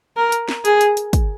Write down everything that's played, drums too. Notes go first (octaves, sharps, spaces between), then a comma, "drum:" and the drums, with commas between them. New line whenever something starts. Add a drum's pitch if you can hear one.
A#4
drum: hi-hat
drum: snare
G#4, drum: hi-hat
drum: hi-hat
drum: hi-hat
drum: kick, hi-hat